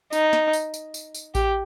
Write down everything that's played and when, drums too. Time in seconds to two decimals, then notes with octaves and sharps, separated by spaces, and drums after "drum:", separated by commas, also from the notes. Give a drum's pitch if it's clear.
0.13 D#4, drum: tambourine
0.33 drum: snare
0.53 drum: tambourine
0.74 drum: tambourine
0.94 drum: tambourine
1.14 drum: tambourine
1.35 G4, drum: kick A1, tambourine